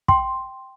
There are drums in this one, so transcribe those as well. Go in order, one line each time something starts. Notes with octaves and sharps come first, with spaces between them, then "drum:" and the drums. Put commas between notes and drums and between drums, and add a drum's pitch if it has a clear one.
G5 C6, drum: kick